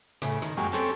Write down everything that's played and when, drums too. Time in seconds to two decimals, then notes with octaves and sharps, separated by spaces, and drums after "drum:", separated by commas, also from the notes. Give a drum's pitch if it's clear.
0.22 A2 C#3, drum: snare
0.42 D#3, drum: snare
0.57 F#2 F#3 G#3 A#3 C#4 G4
0.73 C4 C#4 G4 A4, drum: clap